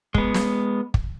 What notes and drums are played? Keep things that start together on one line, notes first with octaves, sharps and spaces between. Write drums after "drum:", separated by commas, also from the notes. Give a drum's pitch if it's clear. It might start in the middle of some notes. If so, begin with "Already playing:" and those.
G#3 B3, drum: kick
drum: snare
drum: kick